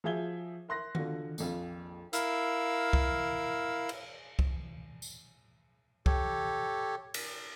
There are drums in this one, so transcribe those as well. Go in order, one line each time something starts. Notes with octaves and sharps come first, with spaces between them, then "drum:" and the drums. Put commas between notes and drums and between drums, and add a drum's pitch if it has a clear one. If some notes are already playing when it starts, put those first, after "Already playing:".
F3 F#4 G#4 E5 G#6 G7
A#4 E5 C6 F#6 A#6
D3 F4 F#4, drum: tom D#3
A#1 F2 F4, drum: tambourine
E4 A#4 F5 E6, drum: hi-hat
drum: kick C2
drum: cymbal
drum: kick C2
drum: tambourine
G4 A4 C#5, drum: kick C2
drum: cymbal